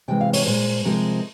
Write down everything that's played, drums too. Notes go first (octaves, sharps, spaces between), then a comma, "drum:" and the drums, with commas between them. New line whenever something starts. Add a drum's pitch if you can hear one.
C3 E3 G#3 G5
F5
C#5, drum: open hi-hat
A#2 G#3 C5
C3 F3 G#3 A#4